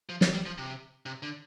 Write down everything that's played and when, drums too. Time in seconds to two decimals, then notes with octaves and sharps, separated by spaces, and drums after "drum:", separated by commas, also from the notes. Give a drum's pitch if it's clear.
0.09 F3
0.21 G3, drum: snare
0.33 G3
0.46 F3
0.58 C3
1.06 C3
1.23 D3